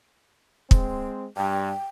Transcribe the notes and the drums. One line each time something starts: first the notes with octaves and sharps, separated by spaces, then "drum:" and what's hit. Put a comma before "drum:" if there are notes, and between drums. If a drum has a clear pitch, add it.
G#3 C4, drum: kick
G2 G5